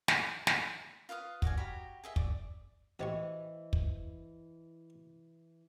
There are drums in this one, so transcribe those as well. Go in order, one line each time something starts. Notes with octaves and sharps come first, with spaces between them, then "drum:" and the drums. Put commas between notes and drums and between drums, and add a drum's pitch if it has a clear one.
D6, drum: snare
drum: snare
F4 B4 F5 D#6
F#4 D5 F5 G#5, drum: kick
F#4 G4 A#5 B5
G#4 D#5 E5
D5 D6, drum: kick
A1 E3 G4 C5 D#5 C#6
drum: kick